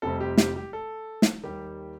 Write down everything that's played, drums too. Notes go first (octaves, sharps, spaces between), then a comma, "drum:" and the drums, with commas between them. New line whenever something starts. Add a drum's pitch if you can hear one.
F1 F2 C3 G3 C4 A4
G4
G4, drum: snare
G4
A4
drum: snare
D#2 D#3 G3 A#3 G4